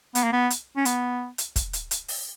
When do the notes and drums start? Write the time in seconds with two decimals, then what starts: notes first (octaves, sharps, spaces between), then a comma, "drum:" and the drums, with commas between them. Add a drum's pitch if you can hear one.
0.15 B3, drum: hi-hat
0.23 A#3
0.32 B3
0.50 drum: hi-hat
0.77 C#4
0.85 B3, drum: hi-hat
1.38 drum: hi-hat
1.56 drum: kick, hi-hat
1.73 drum: hi-hat
1.91 drum: hi-hat
2.08 drum: open hi-hat